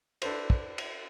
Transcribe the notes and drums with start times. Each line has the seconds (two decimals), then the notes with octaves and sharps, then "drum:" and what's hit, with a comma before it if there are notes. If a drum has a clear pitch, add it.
0.22 D4 A4 B4 C5, drum: cymbal
0.50 drum: kick
0.78 drum: cymbal